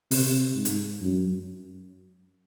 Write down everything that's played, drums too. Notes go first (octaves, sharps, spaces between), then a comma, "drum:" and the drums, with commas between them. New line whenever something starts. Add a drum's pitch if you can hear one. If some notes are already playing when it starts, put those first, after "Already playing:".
C3, drum: open hi-hat
G#2
drum: hi-hat
F#2